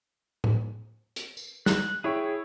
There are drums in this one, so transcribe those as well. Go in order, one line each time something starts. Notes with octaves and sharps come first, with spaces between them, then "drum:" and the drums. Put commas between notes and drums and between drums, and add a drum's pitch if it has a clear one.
drum: tom A2
drum: hi-hat
drum: tambourine
F#6, drum: snare
E4 G#4 C#5 G5 C#6